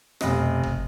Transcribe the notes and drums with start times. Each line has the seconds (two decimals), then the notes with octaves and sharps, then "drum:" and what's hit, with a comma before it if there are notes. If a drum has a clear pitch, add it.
0.21 F1 B2 D#5, drum: rim click
0.63 drum: kick